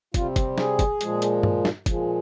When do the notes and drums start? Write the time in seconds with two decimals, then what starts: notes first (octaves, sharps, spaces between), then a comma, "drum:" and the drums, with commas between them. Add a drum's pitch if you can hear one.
0.14 C3 G3 C4 F4, drum: kick, hi-hat
0.36 drum: kick, hi-hat
0.58 G#4, drum: snare
0.79 drum: kick, hi-hat
1.01 A#2 F3 G#3, drum: hi-hat
1.22 drum: hi-hat
1.43 drum: tom G2
1.65 drum: snare
1.86 A#2 F3 G#3, drum: kick, hi-hat